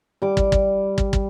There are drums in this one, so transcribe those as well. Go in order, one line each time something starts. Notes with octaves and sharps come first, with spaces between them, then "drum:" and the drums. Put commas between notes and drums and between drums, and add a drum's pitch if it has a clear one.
G3 D6
drum: kick
drum: kick
drum: kick
drum: kick